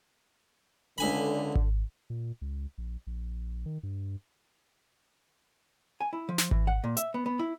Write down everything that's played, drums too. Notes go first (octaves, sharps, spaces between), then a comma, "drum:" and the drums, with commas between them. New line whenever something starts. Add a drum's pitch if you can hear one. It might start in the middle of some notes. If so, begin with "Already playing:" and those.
C#2 D3 G#5 B5
drum: kick G#1
A#2
C#2
A#1
A#1
D#3
G2
G#5
E4
F3
drum: snare
E3, drum: kick G#1
F#5
A#2
E5, drum: hi-hat
B3
B3
E4